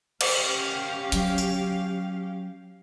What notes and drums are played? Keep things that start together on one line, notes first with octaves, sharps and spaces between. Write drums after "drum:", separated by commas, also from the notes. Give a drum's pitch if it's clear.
C#4 G4 F5, drum: cymbal
F#3, drum: hi-hat
drum: tambourine